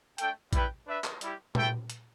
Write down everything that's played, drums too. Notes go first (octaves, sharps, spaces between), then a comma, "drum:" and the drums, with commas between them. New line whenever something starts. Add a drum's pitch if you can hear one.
A3 D4 A4 G5, drum: hi-hat
G3 E4 B4 G5, drum: kick A#1, hi-hat
D4 B4 E5
drum: clap
G3 E4 G4, drum: hi-hat
A3 E4 A4 G5, drum: tom A#2
drum: hi-hat